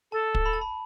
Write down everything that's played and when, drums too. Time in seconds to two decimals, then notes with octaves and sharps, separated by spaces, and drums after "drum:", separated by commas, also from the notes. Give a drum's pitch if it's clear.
0.12 A4 A5
0.35 drum: kick
0.46 B5
0.53 A5
0.61 B5